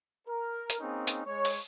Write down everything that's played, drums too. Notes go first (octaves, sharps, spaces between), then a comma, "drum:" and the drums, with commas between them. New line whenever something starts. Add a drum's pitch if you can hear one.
A#4
drum: hi-hat
A#3 C4 C#4 D#4 G#4
drum: hi-hat
G#3 C#5
drum: open hi-hat